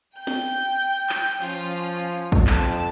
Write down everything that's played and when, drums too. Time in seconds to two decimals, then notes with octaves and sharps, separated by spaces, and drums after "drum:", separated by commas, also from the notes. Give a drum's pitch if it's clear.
0.15 G5 G6
0.27 drum: snare
1.09 drum: clap
1.42 F3 C#4 F4, drum: open hi-hat
2.32 drum: kick
2.47 F2 A5, drum: clap